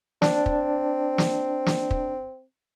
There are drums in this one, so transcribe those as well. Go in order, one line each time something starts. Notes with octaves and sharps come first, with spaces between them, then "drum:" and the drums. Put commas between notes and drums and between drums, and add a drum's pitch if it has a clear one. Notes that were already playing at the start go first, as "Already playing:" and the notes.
C4 D4, drum: snare
drum: kick
drum: snare
drum: snare
drum: kick